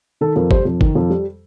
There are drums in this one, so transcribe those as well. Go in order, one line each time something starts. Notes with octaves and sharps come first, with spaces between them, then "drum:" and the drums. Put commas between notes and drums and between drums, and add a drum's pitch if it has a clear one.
D#3 A4
F2 A#4
G3 C5, drum: kick
F2
D#3, drum: kick
F2
G3